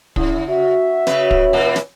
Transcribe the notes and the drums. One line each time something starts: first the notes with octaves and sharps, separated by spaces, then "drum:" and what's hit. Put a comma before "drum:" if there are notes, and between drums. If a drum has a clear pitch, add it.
C#3 E4, drum: kick
F#4 E5
C#3 B4, drum: snare
drum: kick
A#2 E3 A#3
drum: snare